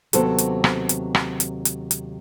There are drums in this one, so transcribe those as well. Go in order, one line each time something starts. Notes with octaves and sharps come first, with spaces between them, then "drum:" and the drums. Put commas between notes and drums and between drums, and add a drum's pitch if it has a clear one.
D#2 C3 F#3 B3 A4 C5, drum: hi-hat
drum: hi-hat
drum: rim click
drum: hi-hat
drum: rim click
drum: hi-hat
drum: hi-hat
drum: hi-hat